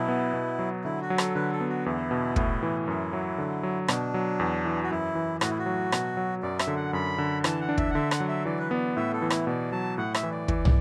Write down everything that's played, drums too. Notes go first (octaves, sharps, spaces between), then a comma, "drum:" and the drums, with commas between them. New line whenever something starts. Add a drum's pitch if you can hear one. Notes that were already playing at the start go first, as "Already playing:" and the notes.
Already playing: B2 F#3 E4
B3
B2
F#3
D3 E4
F#4
F#3
A4, drum: rim click
D3 B4
A4
B3
F#4
E2 E4
B2
A2, drum: kick
E3
F#2 E4
F#3
D3
F#3
B2 D4, drum: rim click
F#3
E2
E3
F#4
F#2 E4
E3
A2 F#4, drum: rim click
E4
F#4
F#3
B2, drum: rim click
F#3
F#2 D5
E5, drum: rim click
D3
F#5
F#2 B5
D3
E3 A5, drum: rim click
F#5
D4
E5, drum: kick
F#5
D3 E5
F#5, drum: rim click
F#3
E5
E3 D5
B4
B3 D5
A2 E5
A4
E3
E4, drum: rim click
B2 D5
F#3 A5
A2 F#5
E5, drum: rim click
E3
D5
E3, drum: kick
drum: tom